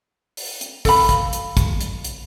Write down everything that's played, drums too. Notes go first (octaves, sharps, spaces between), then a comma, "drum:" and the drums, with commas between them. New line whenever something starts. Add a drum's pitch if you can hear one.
drum: open hi-hat
drum: hi-hat
A4 F5 B5, drum: kick, open hi-hat
drum: kick, hi-hat
drum: hi-hat
drum: kick, hi-hat
drum: hi-hat
drum: hi-hat